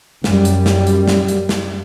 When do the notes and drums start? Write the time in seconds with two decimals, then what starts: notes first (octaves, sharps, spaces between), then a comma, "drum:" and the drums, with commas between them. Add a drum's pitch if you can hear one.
0.24 F#2 G3, drum: snare
0.45 drum: hi-hat
0.66 drum: snare
0.87 drum: hi-hat
1.08 drum: snare
1.28 drum: hi-hat
1.49 drum: snare